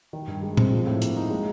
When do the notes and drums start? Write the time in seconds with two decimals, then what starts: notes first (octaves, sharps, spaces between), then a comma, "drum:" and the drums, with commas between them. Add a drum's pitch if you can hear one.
0.13 D#3
0.27 G2
0.43 G#3
0.57 C4, drum: tom A#2
0.72 F3
0.87 A2
1.01 A#3, drum: hi-hat
1.16 D#4
1.30 G#3